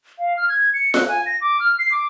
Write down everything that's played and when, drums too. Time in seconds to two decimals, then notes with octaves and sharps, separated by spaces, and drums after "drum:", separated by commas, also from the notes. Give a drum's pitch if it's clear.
0.19 F5
0.37 F6
0.49 G#6
0.74 C#7
0.94 F#6, drum: snare F4
1.08 G#5
1.26 A#6
1.41 D6
1.60 F6
1.79 C7
1.91 D6